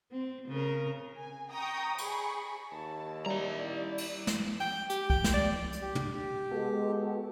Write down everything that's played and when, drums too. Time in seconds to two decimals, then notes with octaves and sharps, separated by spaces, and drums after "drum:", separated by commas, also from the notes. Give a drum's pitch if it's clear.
0.11 C4
0.48 C#3 A#4
1.18 G#5
1.53 G5 A#5 C#6 D#6
1.98 G#4 B5 C#6, drum: cymbal
2.72 D#2 A5
3.26 G3 E4 D5 E5 A#5
3.98 drum: cymbal
4.27 drum: snare
4.60 G5
4.90 G4, drum: hi-hat
5.10 G5, drum: kick
5.24 drum: snare
5.34 D5
5.73 drum: hi-hat
5.82 G4
5.95 drum: tom
6.51 G#3 B3 F#4 A4